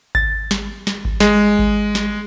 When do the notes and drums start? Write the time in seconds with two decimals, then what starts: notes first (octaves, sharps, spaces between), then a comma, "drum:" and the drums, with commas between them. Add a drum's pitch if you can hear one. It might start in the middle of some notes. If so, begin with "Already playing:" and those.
0.15 A6, drum: kick G#1
0.51 drum: snare
0.87 drum: snare
1.05 drum: kick G#1
1.20 G#3, drum: snare
1.59 drum: kick G#1
1.95 drum: snare